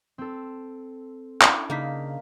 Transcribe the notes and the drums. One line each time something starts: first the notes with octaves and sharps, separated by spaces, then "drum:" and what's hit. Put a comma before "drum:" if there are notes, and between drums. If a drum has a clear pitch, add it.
C4 A4
C#4 D4 E4, drum: clap
C#3 A#3 D#4 F5 A#5 B6